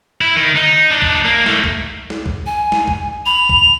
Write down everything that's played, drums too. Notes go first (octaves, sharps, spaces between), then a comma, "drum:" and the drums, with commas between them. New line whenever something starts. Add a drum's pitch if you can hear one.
E4
D#3
D#4
D4 D#4
drum: kick B1
A#3
A3 A#3, drum: snare
drum: kick B1
drum: snare
drum: kick B1
G#5
drum: snare
drum: kick B1
B5 F7
drum: kick B1